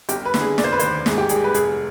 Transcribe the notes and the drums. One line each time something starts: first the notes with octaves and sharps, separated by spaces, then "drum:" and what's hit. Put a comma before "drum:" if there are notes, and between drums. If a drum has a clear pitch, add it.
G1 G4, drum: hi-hat
B4
D3, drum: snare
G#4
F1 D5, drum: snare
C5
B4
D#2 C5, drum: hi-hat
G#2 G#4, drum: snare
G4
G3 G#4, drum: hi-hat
B4
F1 G#4, drum: hi-hat